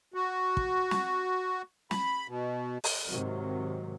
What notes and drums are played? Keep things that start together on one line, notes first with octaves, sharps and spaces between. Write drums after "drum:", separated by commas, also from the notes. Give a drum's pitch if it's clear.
F#4
drum: kick
drum: snare
B5, drum: snare
B2
drum: open hi-hat
G#2 C3 D#3 F#3